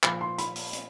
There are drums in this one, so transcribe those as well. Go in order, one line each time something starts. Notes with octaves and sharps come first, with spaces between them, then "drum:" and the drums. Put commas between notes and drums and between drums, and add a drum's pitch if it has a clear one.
A#2 F3 B5, drum: clap
C6
B5, drum: hi-hat
drum: open hi-hat
drum: hi-hat